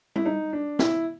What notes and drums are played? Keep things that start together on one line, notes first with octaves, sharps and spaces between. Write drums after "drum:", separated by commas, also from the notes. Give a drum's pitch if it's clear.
E4, drum: tom G3
D#4
D4
E4, drum: snare